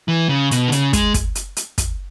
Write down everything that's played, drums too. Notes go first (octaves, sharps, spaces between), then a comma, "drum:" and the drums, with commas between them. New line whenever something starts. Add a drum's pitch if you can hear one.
E3
C#3
B2, drum: hi-hat
D3
C#3, drum: hi-hat
G#3, drum: kick, hi-hat
drum: kick, hi-hat
drum: hi-hat
drum: hi-hat
drum: kick, hi-hat